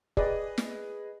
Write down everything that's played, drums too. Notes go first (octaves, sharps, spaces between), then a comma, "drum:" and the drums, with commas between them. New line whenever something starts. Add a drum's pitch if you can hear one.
G4 G#4 B4 D5 D#5, drum: kick
drum: snare